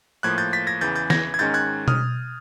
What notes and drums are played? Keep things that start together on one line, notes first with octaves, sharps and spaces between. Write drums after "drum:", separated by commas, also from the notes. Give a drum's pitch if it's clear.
A2 F3 A#3 F#6 G#6
G6 A6
A6 B6
G#6 A#6
E2 C#3 E3 G6 A6
G6 A6
G#6 A#6, drum: snare
G#6
G#2 D#3 G#3 C#4 G6 A6
F#6 G#6
D#6 F6, drum: tom B2